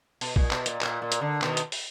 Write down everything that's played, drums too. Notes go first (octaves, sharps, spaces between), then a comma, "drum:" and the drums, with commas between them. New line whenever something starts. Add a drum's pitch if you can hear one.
B2, drum: open hi-hat
A#2, drum: kick
B2, drum: clap
A#2, drum: hi-hat
A#2, drum: clap
A#2
drum: hi-hat
D3
B2 D#3, drum: clap
drum: hi-hat
drum: open hi-hat